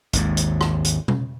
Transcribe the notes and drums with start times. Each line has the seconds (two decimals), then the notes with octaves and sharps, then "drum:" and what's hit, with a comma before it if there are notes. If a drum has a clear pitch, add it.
0.13 G#1 D#2 G#2, drum: hi-hat
0.37 drum: hi-hat
0.61 drum: rim click
0.84 drum: hi-hat
1.08 drum: tom B2